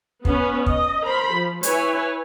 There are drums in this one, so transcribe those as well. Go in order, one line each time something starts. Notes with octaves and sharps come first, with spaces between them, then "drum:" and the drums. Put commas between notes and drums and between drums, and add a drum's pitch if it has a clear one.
B3 C#4 B4, drum: kick
D#5, drum: kick
A#4 C5 B5
F3
E4 B4 C#5 G#5, drum: hi-hat